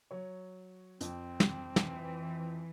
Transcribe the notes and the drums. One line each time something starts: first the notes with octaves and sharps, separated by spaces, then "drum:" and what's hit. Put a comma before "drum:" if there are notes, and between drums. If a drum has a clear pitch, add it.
F#3 C#5
F2 C4, drum: hi-hat
drum: snare
E3, drum: snare